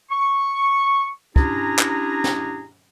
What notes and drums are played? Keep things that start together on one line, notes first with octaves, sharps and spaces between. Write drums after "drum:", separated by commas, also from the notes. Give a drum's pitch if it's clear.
C#6
C#4 D4 E4 G4 G#4 A#5, drum: kick
drum: clap
drum: snare